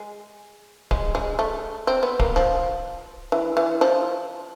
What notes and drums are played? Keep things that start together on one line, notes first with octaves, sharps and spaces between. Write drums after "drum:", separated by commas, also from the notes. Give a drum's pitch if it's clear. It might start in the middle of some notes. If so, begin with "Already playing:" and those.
Already playing: G#3
G#3, drum: kick D1
G#3
A3
C4
B3
A#3, drum: kick D1
F3
E3
E3
F3